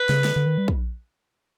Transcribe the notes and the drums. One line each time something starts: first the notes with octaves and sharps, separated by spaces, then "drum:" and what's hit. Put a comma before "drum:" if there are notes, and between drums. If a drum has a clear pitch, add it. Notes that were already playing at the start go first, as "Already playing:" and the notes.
Already playing: B4
C#3, drum: snare
D3, drum: snare
D3
D#3
G3
drum: kick